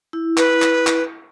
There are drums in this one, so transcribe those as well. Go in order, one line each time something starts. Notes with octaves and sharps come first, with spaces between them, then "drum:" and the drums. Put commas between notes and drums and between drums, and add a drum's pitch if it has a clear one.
E4
B4, drum: clap
drum: clap
drum: clap